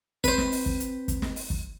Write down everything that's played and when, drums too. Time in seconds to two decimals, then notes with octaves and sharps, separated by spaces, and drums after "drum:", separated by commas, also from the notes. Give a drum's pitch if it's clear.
0.24 C4 B4 C5, drum: kick, hi-hat
0.38 drum: snare
0.52 drum: open hi-hat
0.66 drum: kick
0.80 drum: hi-hat
1.08 drum: kick, hi-hat
1.22 drum: snare
1.36 drum: open hi-hat
1.50 drum: kick